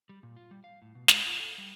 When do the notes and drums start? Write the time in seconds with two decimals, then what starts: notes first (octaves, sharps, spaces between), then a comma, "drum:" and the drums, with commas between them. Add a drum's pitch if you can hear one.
0.09 G3
0.23 A#2
0.36 F4
0.51 G3
0.64 F5
0.82 A2
0.95 B2
1.08 G#3, drum: snare
1.26 F4
1.40 A4
1.58 G3